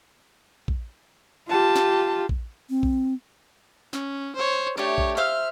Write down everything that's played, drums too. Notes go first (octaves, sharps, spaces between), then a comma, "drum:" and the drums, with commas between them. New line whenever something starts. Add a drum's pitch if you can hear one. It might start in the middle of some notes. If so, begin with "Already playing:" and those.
drum: kick
F4 G4 A5
drum: snare
drum: kick
C4
drum: kick
C#4, drum: snare
C5 C#5
A3 D4 G4 C#5
drum: kick
C5 E5 F5 F6